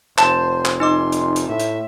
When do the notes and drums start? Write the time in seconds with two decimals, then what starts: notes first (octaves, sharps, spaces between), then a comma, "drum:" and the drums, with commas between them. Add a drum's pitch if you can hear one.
0.18 F1 C5 A5, drum: clap
0.65 drum: clap
0.80 D#4 D#5 C6 D6
1.12 drum: hi-hat
1.36 drum: hi-hat
1.49 A2 E5
1.60 drum: hi-hat